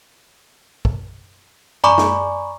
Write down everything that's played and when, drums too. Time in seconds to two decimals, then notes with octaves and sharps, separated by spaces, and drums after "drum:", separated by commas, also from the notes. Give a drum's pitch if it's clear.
0.85 drum: kick
1.84 D5 G#5 A#5 B5 C#6 D6, drum: tom F#2
1.98 drum: snare